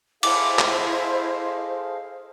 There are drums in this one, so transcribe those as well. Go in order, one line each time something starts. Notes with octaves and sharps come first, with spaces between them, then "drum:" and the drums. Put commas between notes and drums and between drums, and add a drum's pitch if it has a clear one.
E4 G#4 A4 C5 D#5 F5 D6, drum: cymbal
drum: clap